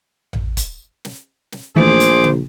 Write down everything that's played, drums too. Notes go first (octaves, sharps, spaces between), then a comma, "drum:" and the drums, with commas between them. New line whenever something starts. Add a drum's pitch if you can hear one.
drum: tom A1
drum: kick, hi-hat
drum: snare
drum: snare
A#1 D#3 E3 A3 G#4 C5 D6
drum: hi-hat
drum: tom C#3